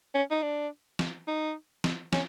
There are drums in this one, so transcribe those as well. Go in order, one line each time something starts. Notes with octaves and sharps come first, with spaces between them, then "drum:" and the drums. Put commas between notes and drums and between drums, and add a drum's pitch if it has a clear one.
C#4
D#4
D4
drum: snare
D#4
drum: snare
C#4, drum: snare